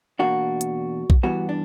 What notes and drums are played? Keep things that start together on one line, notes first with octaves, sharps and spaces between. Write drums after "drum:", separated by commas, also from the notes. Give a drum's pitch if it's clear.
E2 B2 A#3 D4 F#4
drum: hi-hat
drum: kick B1
G2 E3 G3 B3 F#4
D4